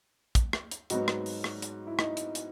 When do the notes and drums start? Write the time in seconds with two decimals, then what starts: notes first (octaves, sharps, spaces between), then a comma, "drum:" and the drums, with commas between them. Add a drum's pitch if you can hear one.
0.35 drum: kick, hi-hat
0.53 drum: rim click
0.71 drum: hi-hat
0.90 G#2 F#3 B3 D#4 F#4, drum: hi-hat
1.08 drum: rim click
1.26 drum: open hi-hat
1.44 drum: rim click
1.62 drum: hi-hat
1.87 E4
1.99 D#4, drum: rim click
2.17 drum: hi-hat
2.35 drum: hi-hat